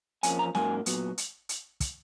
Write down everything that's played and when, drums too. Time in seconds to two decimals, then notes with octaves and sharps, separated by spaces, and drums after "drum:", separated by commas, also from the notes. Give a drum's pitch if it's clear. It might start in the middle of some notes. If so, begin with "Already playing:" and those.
0.23 F2 F3 A#3 C#4 G#5, drum: hi-hat
0.39 A#5
0.55 G#2 F#3 A#3 C#4 G#5, drum: snare
0.86 A#2 F#3 B3, drum: hi-hat
1.18 drum: hi-hat
1.49 drum: hi-hat
1.80 drum: kick, hi-hat